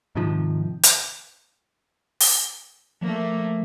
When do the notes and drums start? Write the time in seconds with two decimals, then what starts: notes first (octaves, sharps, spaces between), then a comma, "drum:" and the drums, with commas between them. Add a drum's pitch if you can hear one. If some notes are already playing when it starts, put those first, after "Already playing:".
0.15 G#2 C3 D#3 F3
0.83 drum: hi-hat
2.20 drum: open hi-hat
3.01 F3 A3 A#3